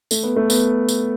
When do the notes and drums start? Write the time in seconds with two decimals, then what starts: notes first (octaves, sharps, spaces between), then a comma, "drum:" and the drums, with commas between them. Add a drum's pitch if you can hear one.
0.11 A3, drum: tambourine
0.23 B3
0.36 A3
0.50 B3, drum: tambourine
0.89 drum: tambourine